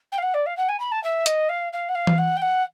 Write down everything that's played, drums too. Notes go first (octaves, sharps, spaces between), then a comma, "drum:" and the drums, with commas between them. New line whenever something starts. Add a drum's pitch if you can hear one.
G5
F5
F#5
D5
F5
F#5
G#5
B5
A5
E5
D#5, drum: hi-hat
F5
F5
F#5
F5
drum: tom E3
F#5
G5
F#5